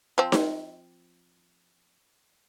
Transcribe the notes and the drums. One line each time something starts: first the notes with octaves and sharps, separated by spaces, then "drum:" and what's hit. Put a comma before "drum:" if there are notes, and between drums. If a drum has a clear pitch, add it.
F3 C4
drum: snare D#4